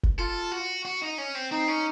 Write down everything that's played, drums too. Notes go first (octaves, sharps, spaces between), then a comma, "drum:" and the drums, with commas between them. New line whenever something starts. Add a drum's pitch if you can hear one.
drum: kick F#1
F4 A4
F#4
F#4
D#4
C#4
C4
C4 D#4
C#4